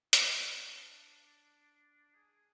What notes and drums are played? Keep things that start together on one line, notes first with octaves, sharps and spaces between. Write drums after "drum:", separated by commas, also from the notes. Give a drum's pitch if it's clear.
D#4, drum: hi-hat
D4
G#4